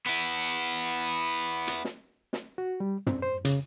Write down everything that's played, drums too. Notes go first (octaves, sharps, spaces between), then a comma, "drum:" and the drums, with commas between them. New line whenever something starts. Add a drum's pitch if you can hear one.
B3 E4
drum: hi-hat
drum: snare
drum: snare
F#4
G3
C4, drum: tom
C5
C#3, drum: hi-hat